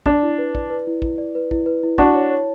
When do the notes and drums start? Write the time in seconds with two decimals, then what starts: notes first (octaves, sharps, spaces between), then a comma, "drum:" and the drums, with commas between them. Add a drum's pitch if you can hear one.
0.06 D4 D5, drum: kick
0.23 E4
0.38 B4
0.55 D5, drum: kick
0.70 B4
0.87 E4
1.02 E4, drum: kick
1.18 D5
1.35 B4
1.51 E4, drum: kick
1.66 B4
1.83 E4
1.98 D4 F#4 A5, drum: kick
2.15 C#5
2.30 C#5